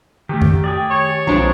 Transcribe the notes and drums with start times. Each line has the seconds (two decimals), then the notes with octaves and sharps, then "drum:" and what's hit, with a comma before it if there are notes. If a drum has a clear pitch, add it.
0.29 D#3 A3 G4
0.42 drum: tom F2
0.64 G4 G#4 D5
0.90 C#5
1.27 B1 F3 G#3 C4 D4 A#5